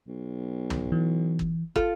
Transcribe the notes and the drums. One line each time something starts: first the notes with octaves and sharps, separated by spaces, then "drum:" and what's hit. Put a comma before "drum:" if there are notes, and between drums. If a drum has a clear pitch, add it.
B1
drum: tom
E3
drum: kick
F4 A4, drum: kick